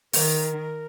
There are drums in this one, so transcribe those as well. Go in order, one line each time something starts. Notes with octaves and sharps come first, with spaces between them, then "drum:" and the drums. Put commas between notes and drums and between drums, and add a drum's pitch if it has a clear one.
D#3 A#4, drum: open hi-hat